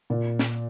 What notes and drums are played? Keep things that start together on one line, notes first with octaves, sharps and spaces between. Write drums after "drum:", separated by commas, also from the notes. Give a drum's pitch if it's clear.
A#2
drum: snare